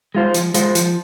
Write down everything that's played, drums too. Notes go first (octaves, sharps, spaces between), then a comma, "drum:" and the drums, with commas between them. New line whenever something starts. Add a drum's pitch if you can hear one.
G#3 F4 C5
F3, drum: hi-hat
G#3 F4 C5, drum: hi-hat
F3, drum: hi-hat